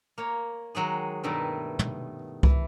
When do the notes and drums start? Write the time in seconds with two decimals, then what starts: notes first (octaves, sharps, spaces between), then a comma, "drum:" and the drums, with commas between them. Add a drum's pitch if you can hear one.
0.18 A#3 C#5
0.75 D#3 F#3 G#3 G#4
1.24 G2 B2 D#3 A3 E4
1.79 drum: tom
2.43 E3, drum: kick C2